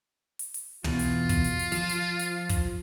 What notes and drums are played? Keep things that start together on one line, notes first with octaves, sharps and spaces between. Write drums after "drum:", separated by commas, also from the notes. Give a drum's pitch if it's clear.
drum: hi-hat
drum: hi-hat
E2 B2 F4, drum: tom
drum: hi-hat
drum: kick, hi-hat
drum: hi-hat
drum: hi-hat
F3, drum: hi-hat
drum: hi-hat
drum: hi-hat
drum: kick, hi-hat